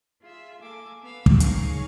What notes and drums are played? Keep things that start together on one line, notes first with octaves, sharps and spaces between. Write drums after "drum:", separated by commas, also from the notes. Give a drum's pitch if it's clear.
F4 G#4 E5
A#3 A4 G#5 D6
B3 F5 E6
drum: kick
D#4 G#4 A#4 C#5 F5 C#6, drum: hi-hat